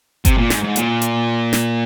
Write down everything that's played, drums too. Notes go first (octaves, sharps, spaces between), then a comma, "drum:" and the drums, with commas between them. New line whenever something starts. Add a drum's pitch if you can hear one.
C3, drum: kick G1, hi-hat
A#2
G#2, drum: snare
G#2
A#2, drum: hi-hat
drum: hi-hat
drum: snare